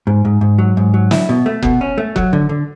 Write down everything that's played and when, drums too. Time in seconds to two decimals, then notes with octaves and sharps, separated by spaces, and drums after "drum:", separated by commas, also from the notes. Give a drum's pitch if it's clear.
0.07 G#2
0.25 G#2
0.41 G#2
0.59 F#3
0.77 G#2
0.94 F#3
1.11 E4, drum: snare
1.29 B2
1.46 A3
1.62 B2, drum: kick F#1
1.81 C#4
1.98 A3
2.16 F#3, drum: kick F#1
2.33 D3
2.49 D3